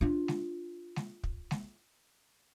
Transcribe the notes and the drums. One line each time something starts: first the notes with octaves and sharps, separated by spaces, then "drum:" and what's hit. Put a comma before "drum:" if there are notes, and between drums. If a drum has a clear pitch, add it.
D4 F4
drum: snare G#3
drum: snare G#3
drum: kick
drum: snare G#3